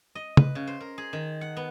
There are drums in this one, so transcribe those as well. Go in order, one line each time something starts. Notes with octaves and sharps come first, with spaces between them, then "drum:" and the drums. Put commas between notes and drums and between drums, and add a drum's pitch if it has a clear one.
D#5
B4, drum: tom
C#3
C5
A#4
G#4
D#3
F#5
B3